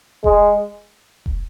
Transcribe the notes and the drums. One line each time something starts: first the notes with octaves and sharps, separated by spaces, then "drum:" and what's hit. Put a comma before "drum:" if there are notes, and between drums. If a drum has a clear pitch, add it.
G#3, drum: kick E1
drum: kick E1